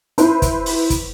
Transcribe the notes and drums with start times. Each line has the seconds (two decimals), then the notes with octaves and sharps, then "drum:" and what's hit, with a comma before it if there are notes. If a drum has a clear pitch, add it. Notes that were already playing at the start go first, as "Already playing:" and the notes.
0.18 E4 B4 C5, drum: hi-hat
0.42 drum: kick, hi-hat
0.66 drum: open hi-hat
0.90 drum: kick, hi-hat